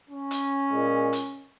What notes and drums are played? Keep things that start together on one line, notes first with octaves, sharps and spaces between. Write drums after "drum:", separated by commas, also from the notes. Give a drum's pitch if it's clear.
C#4
drum: hi-hat
A#2 G#3
drum: hi-hat